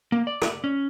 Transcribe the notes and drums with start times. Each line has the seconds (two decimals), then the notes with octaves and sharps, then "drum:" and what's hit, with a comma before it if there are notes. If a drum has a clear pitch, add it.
0.12 A#3
0.27 D5
0.42 drum: rim click
0.64 C#4